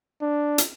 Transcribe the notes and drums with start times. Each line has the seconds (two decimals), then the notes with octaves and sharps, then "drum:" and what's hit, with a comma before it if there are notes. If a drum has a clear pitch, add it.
0.22 D4
0.58 drum: hi-hat